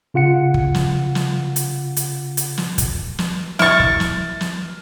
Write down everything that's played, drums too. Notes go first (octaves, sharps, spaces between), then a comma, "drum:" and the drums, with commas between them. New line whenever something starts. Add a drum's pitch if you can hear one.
C#3 F4 F#5 C#7
drum: kick
drum: snare
drum: snare
drum: hi-hat
drum: hi-hat
drum: hi-hat
drum: snare
drum: kick, hi-hat
drum: snare
E4 C#6 F6 A6, drum: snare
drum: kick
drum: snare
drum: snare